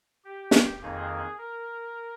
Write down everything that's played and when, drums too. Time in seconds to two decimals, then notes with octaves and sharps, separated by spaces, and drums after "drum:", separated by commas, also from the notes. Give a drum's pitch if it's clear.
0.25 G4
0.51 drum: snare
0.81 F2 D#3 A#3 D#4 G#4
1.38 A#4